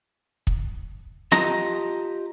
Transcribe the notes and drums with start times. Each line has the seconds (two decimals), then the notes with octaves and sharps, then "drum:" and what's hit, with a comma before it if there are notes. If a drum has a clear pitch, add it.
0.47 drum: kick
1.32 F4 G4 D#5 A5 A#5, drum: snare